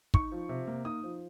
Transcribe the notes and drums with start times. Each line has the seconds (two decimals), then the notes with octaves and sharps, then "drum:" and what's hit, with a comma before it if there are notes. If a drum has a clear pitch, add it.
0.14 D#4 C#6, drum: kick
0.32 F3
0.49 C3
0.67 A#3
0.85 D#4 D#6
1.03 F3